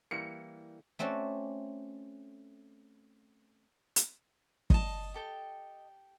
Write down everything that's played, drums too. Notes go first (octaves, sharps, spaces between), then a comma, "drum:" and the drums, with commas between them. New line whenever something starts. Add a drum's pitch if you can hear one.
E3 G3 A#3 C#7
A3 C4 C#4 F#4 D5
drum: hi-hat
D#5 A5, drum: kick
G4 A4 G5